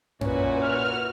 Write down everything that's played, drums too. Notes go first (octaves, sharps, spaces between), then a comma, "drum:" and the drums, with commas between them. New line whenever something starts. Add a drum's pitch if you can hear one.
A#2 C#4 E4 F#4 B4, drum: tom F#2
F6